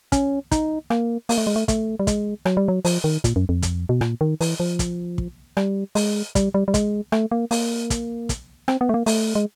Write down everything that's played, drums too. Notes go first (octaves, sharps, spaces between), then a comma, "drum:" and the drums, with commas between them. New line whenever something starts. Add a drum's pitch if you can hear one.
C#4, drum: kick, hi-hat
D#4, drum: kick, hi-hat
A#3, drum: rim click
A#3, drum: open hi-hat
A3
G#3
A3
A3, drum: kick, hi-hat
G3
G#3, drum: kick, hi-hat
F#3, drum: rim click
G3
F#3
F3, drum: open hi-hat
D#3
A#2, drum: kick, hi-hat
F#2
F2
drum: kick, hi-hat
B2
A#2, drum: rim click
D#3
E3, drum: open hi-hat
F3
drum: kick, hi-hat
drum: kick
G3, drum: rim click
G#3, drum: open hi-hat
G3, drum: kick, hi-hat
G3
G3
G#3, drum: kick, hi-hat
A3, drum: rim click
A#3
A#3, drum: open hi-hat
drum: kick, hi-hat
drum: kick, hi-hat
C4, drum: rim click
B3
A3
A#3
A3, drum: open hi-hat
G#3